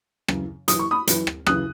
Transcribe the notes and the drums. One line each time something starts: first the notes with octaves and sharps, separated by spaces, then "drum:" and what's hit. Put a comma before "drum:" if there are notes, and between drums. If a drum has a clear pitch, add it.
F#2 C#3 E3, drum: rim click
F#2 E3 D#6, drum: hi-hat
C#6
B5 D#6
F#2 E3, drum: hi-hat
drum: rim click
F#2 C#3 E3 D#6 F#6, drum: rim click